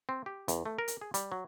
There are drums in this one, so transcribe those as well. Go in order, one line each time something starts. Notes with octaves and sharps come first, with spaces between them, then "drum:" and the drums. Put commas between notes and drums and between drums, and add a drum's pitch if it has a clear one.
C4
G4
E2, drum: hi-hat
A3
A#4
drum: hi-hat
G#4
G3, drum: hi-hat
F#3